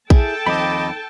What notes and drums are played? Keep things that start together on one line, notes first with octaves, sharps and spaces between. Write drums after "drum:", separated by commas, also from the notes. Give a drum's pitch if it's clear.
E4 G#4 A4 G5 A5, drum: kick A#1
D#2 F3 C4 D#5 B5 D6